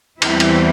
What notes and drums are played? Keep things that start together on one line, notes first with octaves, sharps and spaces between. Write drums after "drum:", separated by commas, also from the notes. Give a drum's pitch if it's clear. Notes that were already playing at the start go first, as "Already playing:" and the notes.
E2 E3 G3 C4 E4, drum: cymbal
drum: cymbal